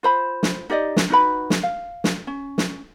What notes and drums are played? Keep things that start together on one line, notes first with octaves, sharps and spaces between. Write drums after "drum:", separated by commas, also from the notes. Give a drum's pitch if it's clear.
F4 C5 B5
drum: snare
D#4 G4 D5 D#5
drum: snare
D#4 F#4 B4 B5
drum: snare
F5
drum: snare
C#4
drum: snare